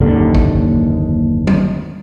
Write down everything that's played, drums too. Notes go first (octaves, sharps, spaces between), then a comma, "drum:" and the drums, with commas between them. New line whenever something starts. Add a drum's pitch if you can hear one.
F#1 D#2 G#2 D3
drum: kick
drum: tom